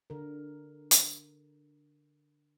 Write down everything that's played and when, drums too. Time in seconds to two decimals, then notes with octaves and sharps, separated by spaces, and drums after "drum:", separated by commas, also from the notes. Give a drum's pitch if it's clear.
0.10 D3 A#4
0.91 drum: hi-hat